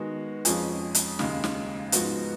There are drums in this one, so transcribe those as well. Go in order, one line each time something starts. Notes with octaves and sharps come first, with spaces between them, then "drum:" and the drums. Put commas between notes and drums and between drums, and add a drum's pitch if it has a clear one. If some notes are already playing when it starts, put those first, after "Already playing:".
Already playing: D#3 G#3 B3 F#4
F2 F3 G#3 C#4 G#4, drum: hi-hat
drum: hi-hat
D#2 C#3 G#3, drum: snare
drum: snare
G#2 F3 G#3 B3 F#4, drum: hi-hat